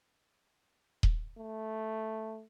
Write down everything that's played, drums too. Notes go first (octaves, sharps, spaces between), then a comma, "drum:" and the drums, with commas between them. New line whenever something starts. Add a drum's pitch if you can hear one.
drum: kick D#1
A3